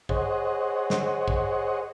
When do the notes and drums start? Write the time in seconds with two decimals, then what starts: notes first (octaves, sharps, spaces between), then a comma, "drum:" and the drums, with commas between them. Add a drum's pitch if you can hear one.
0.09 G#4 C5 C#5 D#5 F#5, drum: kick A1
0.90 drum: snare
1.28 drum: kick A1